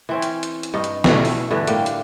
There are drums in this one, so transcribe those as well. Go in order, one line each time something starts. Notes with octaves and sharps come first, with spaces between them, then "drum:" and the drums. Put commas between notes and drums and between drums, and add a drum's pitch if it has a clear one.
E3 C4 C#4
drum: hi-hat
drum: hi-hat
drum: hi-hat
G2 D#4
drum: hi-hat
B2 E3 F#3 A3, drum: snare
drum: open hi-hat
G2 D3 E3
A2 A#3 G4 G5, drum: hi-hat
drum: hi-hat